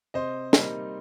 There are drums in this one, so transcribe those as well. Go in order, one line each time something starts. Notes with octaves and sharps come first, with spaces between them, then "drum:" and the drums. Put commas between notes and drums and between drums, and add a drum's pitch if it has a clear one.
C3 C5 D#5
G3 A#3 D#4, drum: snare